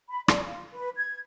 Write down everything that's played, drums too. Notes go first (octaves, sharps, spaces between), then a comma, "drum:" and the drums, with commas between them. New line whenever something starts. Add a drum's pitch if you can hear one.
B5
D5, drum: rim click
F4
B4
G#6